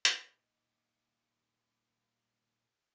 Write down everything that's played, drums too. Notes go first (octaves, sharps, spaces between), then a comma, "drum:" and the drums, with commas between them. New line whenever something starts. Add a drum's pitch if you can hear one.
A#2 D#4, drum: hi-hat